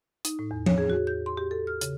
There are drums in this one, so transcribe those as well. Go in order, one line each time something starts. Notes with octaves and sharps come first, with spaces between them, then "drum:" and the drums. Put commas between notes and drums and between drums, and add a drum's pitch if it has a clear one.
D#4, drum: hi-hat
A2
E2
C#5, drum: tom F3
G#4
F#4
G6
C6
G4
A4
F6
C#3, drum: hi-hat